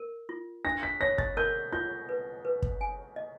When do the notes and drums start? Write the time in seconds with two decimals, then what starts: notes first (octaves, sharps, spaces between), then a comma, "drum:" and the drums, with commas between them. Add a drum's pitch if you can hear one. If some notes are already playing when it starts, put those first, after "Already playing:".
Already playing: A#4
0.29 F4
0.65 D4 A#6
0.83 B6
1.01 C#5 A#6
1.18 A6, drum: kick
1.37 A#4 G6
1.73 F4 G6
2.09 B4
2.45 B4
2.62 drum: kick
2.81 G#5
3.16 D#5